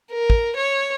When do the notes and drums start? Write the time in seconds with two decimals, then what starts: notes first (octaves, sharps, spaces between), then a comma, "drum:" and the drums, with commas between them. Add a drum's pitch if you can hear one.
0.12 A#4
0.30 drum: kick
0.56 C#5